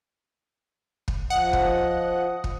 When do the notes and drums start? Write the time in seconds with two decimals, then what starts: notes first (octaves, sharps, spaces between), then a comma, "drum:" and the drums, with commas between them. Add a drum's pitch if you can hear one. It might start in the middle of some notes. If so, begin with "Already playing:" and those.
1.08 drum: kick
1.30 F3 D#5 F#5
1.53 drum: kick
2.44 drum: kick